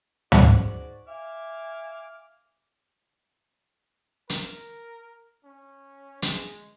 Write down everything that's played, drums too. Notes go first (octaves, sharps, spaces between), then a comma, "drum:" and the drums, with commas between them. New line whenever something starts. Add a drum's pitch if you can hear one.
G#2 F#4 D5, drum: tom
E5 F5 G#5 D6
A#4, drum: hi-hat
C#4
G#3, drum: hi-hat